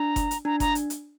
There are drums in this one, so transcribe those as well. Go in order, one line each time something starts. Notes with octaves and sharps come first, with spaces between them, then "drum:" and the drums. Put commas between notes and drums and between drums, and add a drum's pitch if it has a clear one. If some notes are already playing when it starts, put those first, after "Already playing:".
Already playing: D4 A#5
drum: kick F#1, hi-hat
drum: hi-hat
D4 A#5
A#5, drum: kick F#1, hi-hat
drum: hi-hat
drum: hi-hat